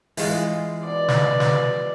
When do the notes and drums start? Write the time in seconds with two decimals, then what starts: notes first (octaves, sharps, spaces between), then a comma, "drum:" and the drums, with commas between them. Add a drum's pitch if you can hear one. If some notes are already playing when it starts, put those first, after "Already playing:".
0.17 E3 G#3 F4, drum: open hi-hat
0.84 B2 D5
1.08 drum: snare
1.23 B2
1.40 drum: snare